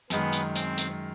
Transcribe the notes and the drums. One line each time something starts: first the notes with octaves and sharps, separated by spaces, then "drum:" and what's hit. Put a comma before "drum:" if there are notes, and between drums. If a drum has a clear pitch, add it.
F#2 D#3 G#3 B3, drum: hi-hat
drum: hi-hat
C4, drum: hi-hat
drum: hi-hat